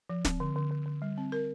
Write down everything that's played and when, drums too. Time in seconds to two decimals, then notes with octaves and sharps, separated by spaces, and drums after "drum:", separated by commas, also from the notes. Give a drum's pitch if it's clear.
0.10 F3
0.25 C4, drum: snare
0.40 D3
0.56 D3
0.71 D3
0.86 D3
1.02 G3
1.18 C4
1.32 A#4